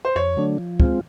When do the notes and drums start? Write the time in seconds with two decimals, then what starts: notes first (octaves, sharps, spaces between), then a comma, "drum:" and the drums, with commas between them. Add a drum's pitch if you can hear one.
0.05 C5
0.16 F2 C#5
0.37 D3 F#3 A3 D4
0.58 F3
0.80 G#3 C4 F4, drum: kick